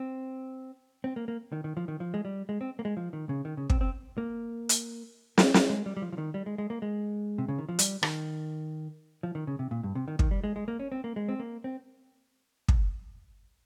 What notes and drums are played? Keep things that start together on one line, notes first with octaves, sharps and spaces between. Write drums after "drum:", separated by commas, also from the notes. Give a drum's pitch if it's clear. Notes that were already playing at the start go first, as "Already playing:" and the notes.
Already playing: C4
C4
A#3
A#3
D#3
D#3
F3
D#3
F3
G#3
G3
G#3
C4
A#3
G#3
F3
D#3
C#3
D#3
C#3
C4, drum: kick
C4
A#3
drum: hi-hat
C4, drum: snare
drum: snare
G#3
G3
G3
F3
F3
D#3
G3
G#3
G#3
A#3
G#3
C3
C#3
D#3
F3
G3, drum: hi-hat
D#3, drum: rim click
F3
D#3
C#3
C3
A#2
G2
C3
D#3
D#3, drum: kick
G3
G#3
G#3
A#3
C#4
C4
A#3
G#3
C4
A#3
C4
drum: kick